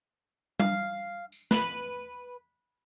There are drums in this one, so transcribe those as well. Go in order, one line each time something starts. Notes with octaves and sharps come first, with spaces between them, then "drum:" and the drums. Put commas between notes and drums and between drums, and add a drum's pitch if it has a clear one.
F5, drum: tom G3
drum: tambourine
B4, drum: snare